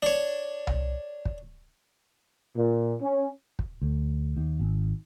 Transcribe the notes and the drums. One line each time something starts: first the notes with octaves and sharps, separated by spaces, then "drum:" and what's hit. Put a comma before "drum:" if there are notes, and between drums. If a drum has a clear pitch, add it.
D4 C#5
drum: tom C2
drum: kick
A#2
C#4
drum: kick
D2
D#2
G#1